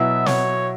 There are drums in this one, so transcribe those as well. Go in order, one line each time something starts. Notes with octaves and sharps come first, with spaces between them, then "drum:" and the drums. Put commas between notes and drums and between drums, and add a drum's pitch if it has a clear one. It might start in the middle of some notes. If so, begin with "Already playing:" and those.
Already playing: B2 F#3 B3 E4 E5
C#5, drum: snare